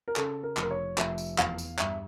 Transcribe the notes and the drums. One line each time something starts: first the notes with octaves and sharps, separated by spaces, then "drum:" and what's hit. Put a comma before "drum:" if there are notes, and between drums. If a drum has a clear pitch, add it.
A#4
C#3 A4, drum: clap
A#4
F1, drum: clap
A#4
C#5
F1 E5, drum: clap
drum: tambourine
E2 F5, drum: clap
drum: tambourine
G2 E5, drum: clap